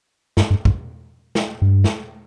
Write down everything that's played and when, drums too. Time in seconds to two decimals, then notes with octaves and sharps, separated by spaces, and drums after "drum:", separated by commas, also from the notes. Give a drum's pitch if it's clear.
0.37 G2, drum: snare
0.50 G2
0.65 G2, drum: kick
1.35 drum: snare
1.62 G2
1.84 drum: snare